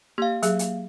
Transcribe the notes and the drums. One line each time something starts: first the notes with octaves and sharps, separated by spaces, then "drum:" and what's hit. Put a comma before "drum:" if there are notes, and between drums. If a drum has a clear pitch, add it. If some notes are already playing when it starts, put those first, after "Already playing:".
A#3 G4 F5
F#3 G#4, drum: hi-hat
drum: hi-hat